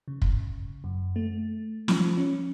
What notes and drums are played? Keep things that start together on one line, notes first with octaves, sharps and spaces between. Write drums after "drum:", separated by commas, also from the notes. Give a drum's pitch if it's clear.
C#3
drum: kick
F#2
A3
F3, drum: snare
C#4